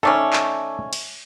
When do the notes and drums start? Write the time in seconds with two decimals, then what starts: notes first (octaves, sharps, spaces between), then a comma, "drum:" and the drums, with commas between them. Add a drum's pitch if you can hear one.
0.03 D#3 A3 C#4 A4 D5
0.33 drum: clap
0.93 drum: cymbal